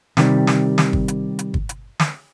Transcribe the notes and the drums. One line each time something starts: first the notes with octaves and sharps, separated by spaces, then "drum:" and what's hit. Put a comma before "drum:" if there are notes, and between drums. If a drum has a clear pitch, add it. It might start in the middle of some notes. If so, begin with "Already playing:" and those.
C3 D#3 G3, drum: snare
drum: snare
drum: snare
drum: kick
drum: hi-hat
drum: hi-hat
drum: kick
drum: hi-hat
drum: snare